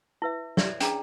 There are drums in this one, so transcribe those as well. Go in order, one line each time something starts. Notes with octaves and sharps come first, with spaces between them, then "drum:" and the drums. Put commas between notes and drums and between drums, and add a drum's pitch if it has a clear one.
E4 B4 E5
C#5 D5 E5, drum: snare
C#4 D4 G#4 A#5, drum: hi-hat